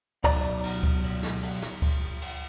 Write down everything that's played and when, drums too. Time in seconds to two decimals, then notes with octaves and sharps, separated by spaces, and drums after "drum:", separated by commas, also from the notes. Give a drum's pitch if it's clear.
0.24 B1 D5 A#5, drum: kick C#2, cymbal
0.64 drum: cymbal
0.83 drum: kick C#2
1.03 drum: cymbal
1.23 drum: snare
1.43 drum: cymbal
1.62 drum: snare
1.82 drum: kick C#2, cymbal
2.22 drum: cymbal